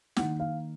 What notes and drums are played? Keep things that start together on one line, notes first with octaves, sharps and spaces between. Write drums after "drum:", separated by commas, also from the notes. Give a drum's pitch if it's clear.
D#3 A#3 D#4 F#5, drum: snare
F5